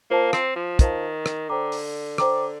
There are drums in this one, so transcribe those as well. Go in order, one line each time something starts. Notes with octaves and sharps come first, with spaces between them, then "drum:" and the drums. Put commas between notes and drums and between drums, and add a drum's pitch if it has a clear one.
A#3 F4 C5 F5 A5
C4, drum: rim click
F3
D#3 F4 C5 F5 A5, drum: kick, hi-hat
drum: rim click
D3 C5 G5 A#5 D6
drum: open hi-hat
C5 G5 A#5 D6, drum: rim click